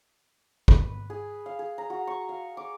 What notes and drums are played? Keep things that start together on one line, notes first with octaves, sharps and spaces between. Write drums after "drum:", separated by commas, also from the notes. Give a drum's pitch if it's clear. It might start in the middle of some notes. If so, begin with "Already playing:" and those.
B4, drum: kick
G#4
F5
G#4
A#5
F#4
C#6
F5
D6